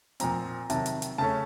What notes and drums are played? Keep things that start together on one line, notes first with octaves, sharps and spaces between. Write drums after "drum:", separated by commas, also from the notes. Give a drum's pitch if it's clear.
A#2 F3 C4 A#5, drum: hi-hat
C3 D#3 F#3 A5, drum: hi-hat
drum: hi-hat
drum: hi-hat
C#3 A3 C#4 A5